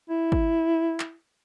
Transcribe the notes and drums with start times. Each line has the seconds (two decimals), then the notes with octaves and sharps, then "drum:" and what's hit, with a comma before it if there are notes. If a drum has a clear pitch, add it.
0.09 E4
0.32 drum: kick G#1
1.00 drum: clap